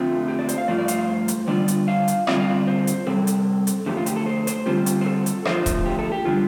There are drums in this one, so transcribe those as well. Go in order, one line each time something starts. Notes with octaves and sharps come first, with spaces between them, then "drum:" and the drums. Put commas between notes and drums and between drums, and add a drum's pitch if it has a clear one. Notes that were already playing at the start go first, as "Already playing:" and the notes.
Already playing: F2 D3 A3 C4 F4
G4
D5
C5, drum: hi-hat
F5
G2 F3 A3 F4 D5
D5
F5, drum: hi-hat
F5
C5
drum: hi-hat
D3 G3 D4 F4 D5
drum: hi-hat
F5
drum: hi-hat
D3 G3 C4 F4 D5, drum: rim click
F5
D5
C5
drum: hi-hat
C3 G3 C4 A4
drum: hi-hat
drum: hi-hat
F2 D3 F3 A3 G4
F4
G4, drum: hi-hat
A4
C5
C5, drum: hi-hat
D3 G3 C4 F4 G4
drum: hi-hat
C5
A4
drum: hi-hat
D3 F3 A3 F4 C5, drum: rim click
drum: kick D#1, hi-hat
G4
A4
G4
D3 G3 D4 F4